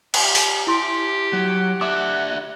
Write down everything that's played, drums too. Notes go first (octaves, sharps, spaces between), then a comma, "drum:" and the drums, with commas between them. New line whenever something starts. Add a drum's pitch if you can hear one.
G4, drum: cymbal
drum: open hi-hat
E4 G4 C6
F#3 F#5
D4 E5 D6